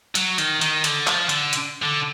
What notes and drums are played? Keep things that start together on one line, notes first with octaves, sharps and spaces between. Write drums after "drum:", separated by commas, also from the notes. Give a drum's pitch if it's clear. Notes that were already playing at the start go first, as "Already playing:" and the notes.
F#3, drum: hi-hat
D#3, drum: hi-hat
D#3, drum: hi-hat
D3, drum: hi-hat
F3, drum: clap
D3, drum: hi-hat
drum: hi-hat
D3